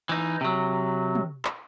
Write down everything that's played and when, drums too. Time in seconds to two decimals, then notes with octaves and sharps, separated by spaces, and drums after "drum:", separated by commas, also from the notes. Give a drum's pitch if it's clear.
0.09 E3 D#4
0.41 C3 F#3
1.15 drum: tom
1.45 drum: clap